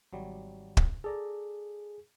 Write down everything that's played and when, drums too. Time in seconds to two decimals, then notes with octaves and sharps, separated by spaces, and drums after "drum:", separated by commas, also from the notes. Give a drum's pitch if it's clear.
0.13 G#1 F#3 G3
0.77 drum: kick
1.04 G#4 A4 D5 A#5